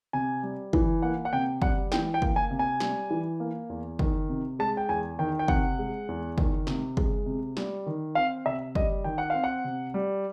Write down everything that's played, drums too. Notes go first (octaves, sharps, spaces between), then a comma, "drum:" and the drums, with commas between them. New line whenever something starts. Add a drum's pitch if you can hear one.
C3 G#5
G3
E3, drum: kick
A#3 F#5
F#5
C3 G5
G3 F#5, drum: kick
E3 G5, drum: snare
G5
A#3, drum: kick
G#5
C3
G#5
G3, drum: snare
E3
A#3
E2
D#3, drum: kick
C3
G#3 A5
G5
E2 G#5
D#3 G5
G5
C3 F#5, drum: kick
G#3
E2
D#3, drum: kick
C3, drum: snare
G#3, drum: kick
C3
G3, drum: snare
D#3
C4 F5
C3 E5
G3 D#5, drum: kick
D#3 G5
F#5
C4 F5
F#5
C3
G3